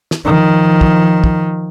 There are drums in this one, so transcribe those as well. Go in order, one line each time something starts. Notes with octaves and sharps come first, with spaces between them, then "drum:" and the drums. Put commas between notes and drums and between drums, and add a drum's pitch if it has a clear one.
drum: snare
D#3 F3
drum: kick
drum: kick